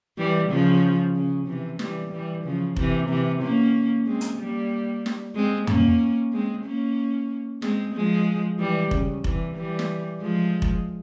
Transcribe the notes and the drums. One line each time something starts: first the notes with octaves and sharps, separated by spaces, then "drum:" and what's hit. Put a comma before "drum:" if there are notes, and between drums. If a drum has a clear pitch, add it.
E3 G3
C#3 F3
C#3
C3 E3
E3 G3, drum: snare
E3 G3
C#3 F3
C3 E3, drum: kick F1
C3 E3
A#3 C#4
G#3 C4
drum: hi-hat
G3 A#3
drum: snare
G#3 C4
A#3 C#4, drum: tom F2
G#3 C4
A#3 C#4
G#3 C4, drum: snare
F3 G#3
E3 G3
C#3, drum: kick F1
C3 E3, drum: kick F1
E3 G3
drum: snare
F3 G#3
drum: kick F1